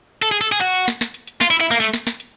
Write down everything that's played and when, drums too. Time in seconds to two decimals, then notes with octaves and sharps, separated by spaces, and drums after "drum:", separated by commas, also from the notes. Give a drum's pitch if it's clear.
0.22 A4, drum: hi-hat
0.32 G#4
0.41 A4
0.52 G#4
0.61 F#4, drum: hi-hat
0.75 drum: hi-hat
0.88 drum: snare
1.01 drum: snare
1.14 drum: hi-hat
1.27 drum: hi-hat
1.41 F4, drum: snare
1.50 E4
1.60 E4
1.71 A#3
1.80 A3, drum: hi-hat
1.94 drum: snare
2.07 drum: snare
2.20 drum: hi-hat